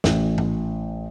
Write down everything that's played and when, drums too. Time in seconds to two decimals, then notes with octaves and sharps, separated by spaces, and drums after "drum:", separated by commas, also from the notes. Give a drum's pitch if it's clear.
0.04 A1, drum: snare
0.38 drum: tom G#2